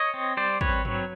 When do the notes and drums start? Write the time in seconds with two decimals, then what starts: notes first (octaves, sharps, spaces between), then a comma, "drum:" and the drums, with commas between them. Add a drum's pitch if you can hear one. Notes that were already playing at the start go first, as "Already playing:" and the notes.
Already playing: C#5 D#5
0.14 C4
0.37 G3 C5 D5
0.61 C4 B4 C#5, drum: kick
0.85 F#3, drum: tom G2